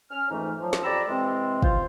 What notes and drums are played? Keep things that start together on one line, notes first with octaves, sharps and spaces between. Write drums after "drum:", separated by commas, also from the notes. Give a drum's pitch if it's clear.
C#4 F6
F2 G#2 E3 A3 D#4
F3 F#3
drum: snare
F2 G4 D5 A#5 B5 E6
C3 E3 G#3 C4
F4 C5, drum: kick